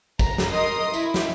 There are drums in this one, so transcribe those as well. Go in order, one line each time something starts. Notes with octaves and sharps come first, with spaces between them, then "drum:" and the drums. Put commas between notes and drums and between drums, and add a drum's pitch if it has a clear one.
A#5, drum: kick, tambourine
drum: snare
A#4 D#5 C6 D#6
E4, drum: tambourine
drum: snare